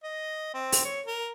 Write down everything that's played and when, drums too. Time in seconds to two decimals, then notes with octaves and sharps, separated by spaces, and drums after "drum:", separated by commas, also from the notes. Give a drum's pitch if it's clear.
0.03 D#5
0.54 C4
0.72 drum: open hi-hat
0.85 C#5
1.06 A#4